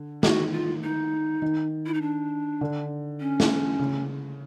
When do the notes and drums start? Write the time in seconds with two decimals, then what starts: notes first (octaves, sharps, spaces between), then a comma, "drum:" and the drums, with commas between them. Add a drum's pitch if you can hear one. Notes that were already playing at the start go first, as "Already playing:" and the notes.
Already playing: D3
0.23 D#3 F#4, drum: snare
0.53 F4
0.83 D#4
1.42 D#3
1.86 E4
1.94 D#4
2.02 D4
2.61 D3
3.20 C#4
3.40 drum: snare
3.79 C#3